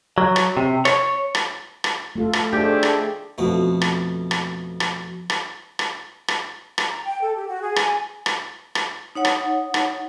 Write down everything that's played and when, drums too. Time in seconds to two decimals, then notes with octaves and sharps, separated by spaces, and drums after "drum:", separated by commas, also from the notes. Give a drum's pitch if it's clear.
0.18 F#3
0.36 drum: rim click
0.57 C3
0.85 C#5, drum: rim click
1.35 drum: rim click
1.84 drum: rim click
2.16 A3 F4 A4
2.33 drum: rim click
2.53 A3 D4 D#4 G4 G#4 C5
2.83 drum: rim click
3.38 F2 B2 A3
3.81 drum: rim click
4.31 drum: rim click
4.80 drum: rim click
5.30 drum: rim click
5.79 drum: rim click
6.28 drum: rim click
6.78 drum: rim click
6.88 A#5
7.05 G5
7.22 A4
7.35 G4
7.48 F#4
7.61 G#4
7.76 G#5, drum: rim click
8.26 drum: rim click
8.75 drum: rim click
9.15 D#4 C#5 F#5
9.25 drum: rim click
9.74 drum: rim click